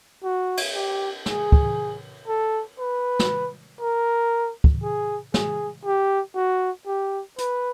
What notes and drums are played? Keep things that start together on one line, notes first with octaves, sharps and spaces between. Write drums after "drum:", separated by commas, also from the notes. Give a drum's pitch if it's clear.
F#4
drum: cymbal
G4
G#4, drum: snare
drum: kick
A4
B4
drum: snare
A#4
drum: kick
G#4
G#4, drum: snare
G4
F#4
G4
B4, drum: hi-hat